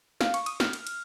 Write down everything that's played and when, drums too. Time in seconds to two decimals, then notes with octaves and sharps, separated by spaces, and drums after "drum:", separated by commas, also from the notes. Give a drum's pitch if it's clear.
0.21 F5, drum: snare
0.34 C#6, drum: cymbal
0.46 D#6, drum: cymbal
0.60 F6, drum: snare
0.73 drum: cymbal
0.87 drum: cymbal